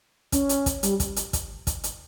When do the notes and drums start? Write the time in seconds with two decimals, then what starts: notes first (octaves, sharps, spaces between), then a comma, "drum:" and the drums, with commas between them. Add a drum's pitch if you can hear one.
0.32 C#4, drum: kick, hi-hat
0.49 drum: hi-hat
0.66 drum: kick, hi-hat
0.83 G3, drum: hi-hat
1.00 drum: kick, hi-hat
1.16 drum: hi-hat
1.33 drum: kick, hi-hat
1.67 drum: kick, hi-hat
1.84 drum: hi-hat